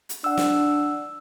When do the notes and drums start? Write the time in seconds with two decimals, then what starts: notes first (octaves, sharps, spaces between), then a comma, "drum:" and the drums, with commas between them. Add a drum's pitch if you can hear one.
0.09 drum: hi-hat
0.24 D4 F#5 E6
0.37 drum: snare